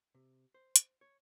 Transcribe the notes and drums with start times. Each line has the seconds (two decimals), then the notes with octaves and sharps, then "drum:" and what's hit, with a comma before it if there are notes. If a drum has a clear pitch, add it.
0.15 C3
0.54 C5
0.76 drum: hi-hat
1.01 C#5